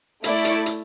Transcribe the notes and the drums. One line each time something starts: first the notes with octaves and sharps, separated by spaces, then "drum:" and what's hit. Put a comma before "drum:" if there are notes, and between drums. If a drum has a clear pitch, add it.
A3 E4 A4 D5, drum: hi-hat
drum: hi-hat
drum: hi-hat